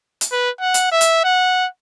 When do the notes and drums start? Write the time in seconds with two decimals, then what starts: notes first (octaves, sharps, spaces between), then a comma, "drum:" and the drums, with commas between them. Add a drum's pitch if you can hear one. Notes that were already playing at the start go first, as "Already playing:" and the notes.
0.21 drum: hi-hat
0.32 B4
0.61 F#5
0.74 drum: hi-hat
0.92 E5
1.01 drum: hi-hat
1.24 F#5